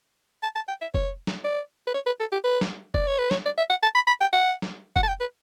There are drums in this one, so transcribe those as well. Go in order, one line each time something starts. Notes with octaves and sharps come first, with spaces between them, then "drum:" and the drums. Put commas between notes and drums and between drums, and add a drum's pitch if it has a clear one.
A5
A5
G5
E5
C#5, drum: kick F1
drum: snare
D5
B4
C#5
B4
A4
G4
B4
drum: snare
D5, drum: kick F1
C#5
B4
C#5, drum: snare
D5
E5
F#5
A5
B5
B5
G5
F#5
drum: snare
F#5, drum: kick F1
A5
G5
B4